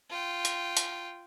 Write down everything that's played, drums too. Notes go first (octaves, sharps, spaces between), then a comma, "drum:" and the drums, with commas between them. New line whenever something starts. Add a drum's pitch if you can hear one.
F4 G5
drum: hi-hat
drum: hi-hat